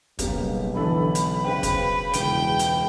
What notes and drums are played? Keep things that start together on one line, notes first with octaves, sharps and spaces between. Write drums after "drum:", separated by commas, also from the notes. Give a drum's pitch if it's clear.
B1 C#3 G3 A#3, drum: kick, hi-hat
D3 E3 A4 B5
drum: hi-hat
C#3 B4 C5 G5
drum: kick, hi-hat
E1 C#2 G5 D7, drum: hi-hat
drum: hi-hat